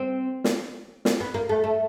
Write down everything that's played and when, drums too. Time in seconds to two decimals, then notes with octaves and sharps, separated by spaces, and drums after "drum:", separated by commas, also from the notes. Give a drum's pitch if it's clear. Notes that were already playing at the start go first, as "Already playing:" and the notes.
Already playing: C4
0.44 drum: snare
1.05 drum: snare
1.20 B3
1.34 A#3
1.49 A3
1.64 A3